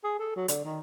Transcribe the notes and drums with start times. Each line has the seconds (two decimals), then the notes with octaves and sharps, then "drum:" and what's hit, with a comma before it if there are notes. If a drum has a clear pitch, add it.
0.04 G#4
0.19 A4
0.36 F#3
0.48 D3, drum: hi-hat
0.65 D#3